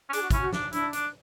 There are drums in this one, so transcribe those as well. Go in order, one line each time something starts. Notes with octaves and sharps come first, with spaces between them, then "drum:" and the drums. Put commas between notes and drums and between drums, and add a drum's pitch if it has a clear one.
C#4
D4 G#4, drum: hi-hat
F#4
C#4 E4, drum: kick, hi-hat
F#4
D4, drum: snare
D4 E4, drum: hi-hat
D4, drum: hi-hat